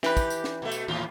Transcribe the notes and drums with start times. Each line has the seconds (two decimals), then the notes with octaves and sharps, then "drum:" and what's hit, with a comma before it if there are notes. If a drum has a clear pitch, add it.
0.03 E3 G4 B4, drum: snare
0.17 drum: kick, tambourine
0.30 drum: tambourine
0.44 drum: snare
0.62 B2 A3
0.72 drum: tambourine
0.88 D#2 A2 F4